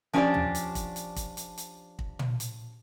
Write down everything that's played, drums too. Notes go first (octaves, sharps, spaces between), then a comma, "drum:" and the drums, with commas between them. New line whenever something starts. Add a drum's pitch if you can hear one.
F3 C#4 D4 F4 G4 D5
drum: tom
drum: hi-hat
drum: kick, hi-hat
drum: hi-hat
drum: kick, hi-hat
drum: hi-hat
drum: hi-hat
drum: kick
drum: tom
drum: hi-hat